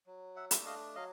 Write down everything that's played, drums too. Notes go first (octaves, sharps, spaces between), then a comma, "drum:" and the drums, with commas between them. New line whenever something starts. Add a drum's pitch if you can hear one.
F#3
E5 F#5
A3 D4, drum: hi-hat
D#5 F5
F#3 D#5 F5